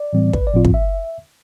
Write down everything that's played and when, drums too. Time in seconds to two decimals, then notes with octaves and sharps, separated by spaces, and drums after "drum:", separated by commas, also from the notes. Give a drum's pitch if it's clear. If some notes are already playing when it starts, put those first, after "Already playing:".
Already playing: D5
0.13 A2 E3 G3 C4
0.33 A1 B4, drum: kick
0.47 D5
0.53 A2 F3 C4 F4
0.65 drum: kick
0.74 E5